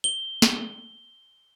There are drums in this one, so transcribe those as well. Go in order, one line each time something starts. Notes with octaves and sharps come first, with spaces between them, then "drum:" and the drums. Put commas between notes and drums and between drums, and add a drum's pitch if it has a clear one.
G7
drum: snare